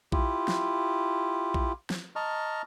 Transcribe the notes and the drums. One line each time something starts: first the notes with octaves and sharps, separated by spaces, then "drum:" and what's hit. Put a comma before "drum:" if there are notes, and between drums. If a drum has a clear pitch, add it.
E4 F4 G4, drum: kick A#1
drum: snare
drum: kick A#1
drum: snare
D#5 A5 A#5 C#6 F6